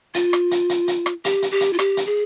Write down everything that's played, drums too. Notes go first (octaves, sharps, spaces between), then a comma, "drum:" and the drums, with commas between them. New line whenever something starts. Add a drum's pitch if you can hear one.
F4, drum: hi-hat
drum: rim click
drum: hi-hat
drum: hi-hat
drum: hi-hat
drum: rim click
G4, drum: hi-hat
drum: hi-hat
G4
drum: hi-hat
F4
G4, drum: rim click
drum: hi-hat
G#4